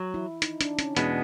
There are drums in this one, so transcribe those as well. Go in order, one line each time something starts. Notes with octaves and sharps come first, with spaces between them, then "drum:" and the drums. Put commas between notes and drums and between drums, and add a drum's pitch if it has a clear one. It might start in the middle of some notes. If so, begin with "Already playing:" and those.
Already playing: F#3
E4
D#4, drum: hi-hat
D4, drum: hi-hat
C#4, drum: hi-hat
E2 B2 G#3 B3 D4, drum: hi-hat